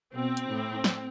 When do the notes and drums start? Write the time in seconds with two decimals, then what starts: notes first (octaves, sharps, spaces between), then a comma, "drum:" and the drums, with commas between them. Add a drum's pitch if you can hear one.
0.13 B2 C4
0.37 drum: hi-hat
0.49 A2
0.84 drum: snare